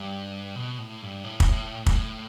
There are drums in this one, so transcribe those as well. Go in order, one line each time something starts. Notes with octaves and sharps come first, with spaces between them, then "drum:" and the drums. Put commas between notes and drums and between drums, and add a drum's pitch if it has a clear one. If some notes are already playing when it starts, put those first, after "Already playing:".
Already playing: G2
B2
A2
G2
A2
drum: kick
G2, drum: kick
A2